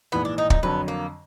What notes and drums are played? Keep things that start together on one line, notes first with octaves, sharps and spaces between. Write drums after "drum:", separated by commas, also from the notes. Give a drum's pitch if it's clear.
A#1 G#2 E3 B3
D4
D#4
D#4, drum: kick
F2 D3 F#3 B3
A#3